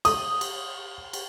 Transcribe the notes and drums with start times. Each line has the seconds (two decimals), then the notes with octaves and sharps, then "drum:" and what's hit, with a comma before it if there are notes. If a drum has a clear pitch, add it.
0.05 D#6, drum: cymbal
0.41 drum: cymbal
1.13 drum: cymbal